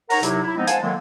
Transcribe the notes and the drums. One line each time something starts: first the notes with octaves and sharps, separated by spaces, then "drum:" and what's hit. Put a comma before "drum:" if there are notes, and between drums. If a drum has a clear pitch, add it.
D#4 A#4 C#5 F#5 A#5, drum: open hi-hat
C3 F#3 D#4 E4, drum: hi-hat
E4
F3 G#3 B3 C4 D#4
C5 F5 F#5 G#5 A5, drum: hi-hat
D3 D#3 F#3 G#3 A#3